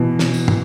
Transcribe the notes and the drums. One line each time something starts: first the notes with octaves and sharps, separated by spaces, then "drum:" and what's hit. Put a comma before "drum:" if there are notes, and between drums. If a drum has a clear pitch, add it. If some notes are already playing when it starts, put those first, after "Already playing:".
Already playing: B2 E3
drum: snare
drum: tambourine
drum: tom